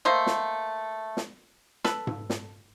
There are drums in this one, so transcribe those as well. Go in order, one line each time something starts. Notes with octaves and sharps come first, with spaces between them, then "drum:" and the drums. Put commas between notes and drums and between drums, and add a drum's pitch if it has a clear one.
A3 A#3 C5 D#5
drum: snare
drum: snare
A4 B4, drum: snare
drum: tom G#2
drum: snare